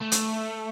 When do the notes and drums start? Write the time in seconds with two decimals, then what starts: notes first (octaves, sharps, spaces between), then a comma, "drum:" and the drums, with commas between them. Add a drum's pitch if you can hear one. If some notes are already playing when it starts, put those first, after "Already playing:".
0.01 A3
0.12 drum: hi-hat